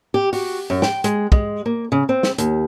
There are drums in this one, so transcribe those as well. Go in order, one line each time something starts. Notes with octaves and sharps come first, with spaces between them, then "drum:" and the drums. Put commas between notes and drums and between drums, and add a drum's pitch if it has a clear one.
G4
F#4, drum: open hi-hat
F#2
G5, drum: snare
G#3, drum: hi-hat
G#3, drum: kick
A#3
C#3
C4
drum: snare
D#2, drum: hi-hat